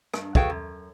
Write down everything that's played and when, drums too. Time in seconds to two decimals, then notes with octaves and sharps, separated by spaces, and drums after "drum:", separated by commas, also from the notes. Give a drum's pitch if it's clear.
0.14 G2, drum: rim click
0.35 F#4 G#4 A4 B4 F5 G5, drum: kick
0.50 F#2